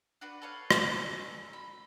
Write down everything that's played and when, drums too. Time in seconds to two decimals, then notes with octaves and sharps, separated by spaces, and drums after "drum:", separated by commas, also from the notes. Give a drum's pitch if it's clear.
0.21 D4 F#4 B4
0.42 A4 B4 C#5 F5
0.71 drum: rim click
0.86 C#4 D#4 A4 B4
1.53 B5